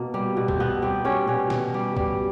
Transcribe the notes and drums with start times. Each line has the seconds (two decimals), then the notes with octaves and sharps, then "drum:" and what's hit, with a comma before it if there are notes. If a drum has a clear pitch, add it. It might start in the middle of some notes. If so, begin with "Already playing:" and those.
Already playing: B2 A#3
0.14 G3
0.37 B2
0.48 C4, drum: kick
0.60 B2 B3
0.82 G3 C4
1.05 G3 C#4
1.28 B2 C#4
1.50 B2, drum: snare
1.74 G3
1.97 G3, drum: kick